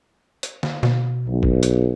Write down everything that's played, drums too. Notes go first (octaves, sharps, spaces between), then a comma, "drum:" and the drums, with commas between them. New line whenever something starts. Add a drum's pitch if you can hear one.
drum: hi-hat
drum: snare
B2, drum: snare
B1
drum: kick
drum: hi-hat